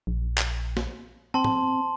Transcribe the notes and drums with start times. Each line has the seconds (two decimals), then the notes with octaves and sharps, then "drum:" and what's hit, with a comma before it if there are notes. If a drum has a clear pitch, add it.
0.07 A#1
0.38 drum: clap
0.77 drum: snare
1.34 C4 A5 C6
1.44 drum: tom